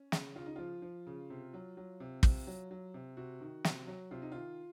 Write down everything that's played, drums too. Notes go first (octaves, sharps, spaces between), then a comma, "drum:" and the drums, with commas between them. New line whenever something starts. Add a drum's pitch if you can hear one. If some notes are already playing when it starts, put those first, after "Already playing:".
Already playing: C#4
C#3, drum: snare
C#3 F4
D#4
F3 F4
F3
C#3
C3
F#3
F#3
C3
C3, drum: kick
F#3
F#3
C3
C3 F#4
D#3
C3, drum: snare
F#3
C3 F4
D#4
D#3 F4